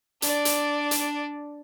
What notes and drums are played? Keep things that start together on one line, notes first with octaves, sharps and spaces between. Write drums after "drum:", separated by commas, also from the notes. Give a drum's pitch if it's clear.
D4 D5, drum: hi-hat
drum: hi-hat
drum: hi-hat